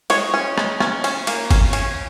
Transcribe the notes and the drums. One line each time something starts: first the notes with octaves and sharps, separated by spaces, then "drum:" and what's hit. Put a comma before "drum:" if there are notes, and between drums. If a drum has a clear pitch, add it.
G#3 C#5, drum: cymbal
C#4
G#3, drum: rim click
C#4, drum: rim click
C#4, drum: cymbal
A#3, drum: cymbal
C#4, drum: kick G#1, cymbal
C#4, drum: cymbal